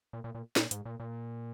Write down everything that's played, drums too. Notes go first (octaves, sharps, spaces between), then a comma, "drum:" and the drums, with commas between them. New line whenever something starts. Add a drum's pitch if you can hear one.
A#2
A#2
A#2
A#2, drum: snare
G#2, drum: hi-hat
A#2
A#2